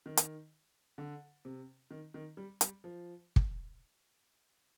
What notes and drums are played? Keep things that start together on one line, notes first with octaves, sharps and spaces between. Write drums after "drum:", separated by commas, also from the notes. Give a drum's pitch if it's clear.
D#3
drum: hi-hat
D3
C3
D#3
D#3
G3
G3, drum: hi-hat
F3
drum: kick